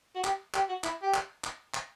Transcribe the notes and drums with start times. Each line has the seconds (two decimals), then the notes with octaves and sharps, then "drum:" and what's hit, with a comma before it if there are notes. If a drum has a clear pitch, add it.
0.15 F#4
0.24 G4, drum: clap
0.54 G4, drum: clap
0.69 F#4
0.84 E4, drum: clap
1.02 G4
1.14 drum: clap
1.44 drum: clap
1.74 drum: clap